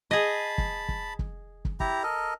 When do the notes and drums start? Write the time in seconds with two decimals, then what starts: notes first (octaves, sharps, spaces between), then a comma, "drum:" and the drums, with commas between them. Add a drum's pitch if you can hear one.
0.11 G#4 D#5 A5 B5
0.58 drum: kick
0.89 drum: kick
1.19 drum: kick
1.65 drum: kick
1.80 E4 G4 A#5, drum: kick
2.03 A4 A#4 D#5